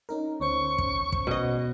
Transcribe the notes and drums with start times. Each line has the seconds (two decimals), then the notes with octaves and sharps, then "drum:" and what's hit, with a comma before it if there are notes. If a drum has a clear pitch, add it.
0.09 C#4 D#4 A#4
0.40 D2 C#4 C5 C#6
0.78 drum: kick
1.12 drum: kick
1.27 B2 D#5